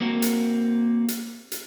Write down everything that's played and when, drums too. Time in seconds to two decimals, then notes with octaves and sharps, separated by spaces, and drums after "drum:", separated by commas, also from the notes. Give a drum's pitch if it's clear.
0.01 A#3 C4 F#4 A#4
0.22 drum: hi-hat
1.08 drum: hi-hat
1.52 drum: hi-hat